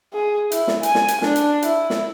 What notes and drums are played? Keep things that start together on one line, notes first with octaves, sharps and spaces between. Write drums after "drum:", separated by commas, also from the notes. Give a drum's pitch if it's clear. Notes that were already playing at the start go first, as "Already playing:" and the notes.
G#4
E4, drum: hi-hat
drum: snare
G#5, drum: hi-hat
drum: snare
drum: hi-hat
D4, drum: snare
drum: hi-hat
E4, drum: hi-hat
drum: snare